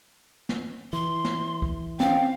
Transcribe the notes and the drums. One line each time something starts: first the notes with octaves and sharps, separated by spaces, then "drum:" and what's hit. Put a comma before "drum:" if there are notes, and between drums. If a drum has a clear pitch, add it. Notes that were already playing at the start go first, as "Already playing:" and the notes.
drum: snare
E3 C6
drum: snare
drum: kick
C4 C#4 F5 G5, drum: snare